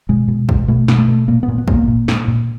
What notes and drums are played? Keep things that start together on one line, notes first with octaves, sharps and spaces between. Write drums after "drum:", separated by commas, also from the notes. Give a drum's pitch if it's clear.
B2 G#3
B2
B2, drum: kick
B2 A3
B2, drum: snare
A3
B2
A#2 A#3
B3
A#2
B3
A#2, drum: kick
A#3
A#2
A#2, drum: snare
A#2